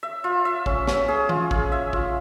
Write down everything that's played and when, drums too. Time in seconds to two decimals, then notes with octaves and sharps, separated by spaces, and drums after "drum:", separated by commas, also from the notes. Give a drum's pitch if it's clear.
0.03 E5
0.24 F4
0.45 E5
0.66 C#4, drum: kick
0.87 C#4, drum: snare
1.08 G#4
1.29 F4, drum: tom E3
1.51 G#4, drum: kick
1.72 E5
1.93 F4, drum: kick